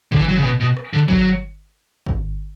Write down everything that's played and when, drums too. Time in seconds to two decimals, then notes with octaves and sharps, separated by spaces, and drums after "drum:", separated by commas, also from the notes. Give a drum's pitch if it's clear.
0.12 D3, drum: kick
0.19 E3
0.28 F#3
0.36 C#3
0.44 B2
0.60 B2
0.77 drum: rim click
0.93 D3
1.08 F#3, drum: kick
2.06 drum: kick